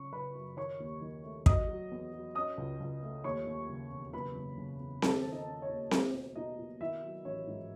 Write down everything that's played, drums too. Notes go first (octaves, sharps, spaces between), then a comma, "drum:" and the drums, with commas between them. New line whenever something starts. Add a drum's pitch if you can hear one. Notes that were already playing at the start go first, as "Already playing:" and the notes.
Already playing: C#3 C#4 C#6
C#3 B4 B5
F#2
D#3 C#5 C#6
D#2
D#3
A3
F#3 D#5 D#6, drum: kick
F#3
E2
F#3
C#4 D#5 D#6
C#2
C#2
A3
D#2 C#5 C#6
D#2
C#3
E1
F#1 B4 B5
F#1
C#3
E2
D#3 A4 A5, drum: snare C4
D#3
D#4 D#5
C#4
C#5
D#2
A3, drum: snare C4
B2
B2 D#4 D#5
B2
D#3 E4 E5
F#3
A1 C#5
G#2